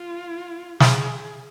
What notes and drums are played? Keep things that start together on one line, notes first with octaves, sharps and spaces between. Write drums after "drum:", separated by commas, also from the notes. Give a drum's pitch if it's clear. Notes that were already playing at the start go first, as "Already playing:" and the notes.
Already playing: F4
G#4, drum: snare